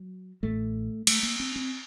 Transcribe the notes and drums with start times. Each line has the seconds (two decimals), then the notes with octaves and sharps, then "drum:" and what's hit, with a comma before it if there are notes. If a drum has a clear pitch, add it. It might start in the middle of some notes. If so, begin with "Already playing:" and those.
Already playing: F#3
0.43 A1 A2 A3
1.07 A3, drum: cymbal
1.23 A#3
1.40 C4
1.56 C4